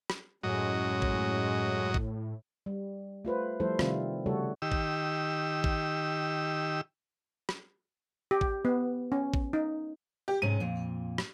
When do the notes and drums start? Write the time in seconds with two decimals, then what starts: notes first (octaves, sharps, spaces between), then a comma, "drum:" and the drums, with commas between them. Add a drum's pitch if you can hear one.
0.10 drum: rim click
0.43 F#2 A2 G#3 C#4 F#4 D#5
1.02 drum: kick A1
1.94 drum: kick A1
2.66 G3
3.25 A3 F4 B4 C5
3.60 F3 G3 A3 E4 A4 C5
3.79 C3 D#3 G3 C4 F4, drum: rim click
4.26 C#3 G3 A3 F#4 A4 C#5
4.62 D#3 G4 E6
4.72 drum: kick A1
5.64 drum: kick A1
7.49 drum: rim click
8.31 G4
8.41 drum: kick A1
8.65 B3
9.12 C#4
9.34 drum: kick A1
9.53 D#4
10.28 G4
10.42 G#2 C3 C#4 D#7
10.60 F2 A#2
11.18 drum: rim click